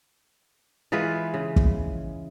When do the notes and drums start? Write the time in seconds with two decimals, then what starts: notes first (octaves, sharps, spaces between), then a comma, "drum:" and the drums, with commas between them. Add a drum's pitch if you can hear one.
0.92 E3 G#3 F4 B4
1.34 C#3
1.56 drum: kick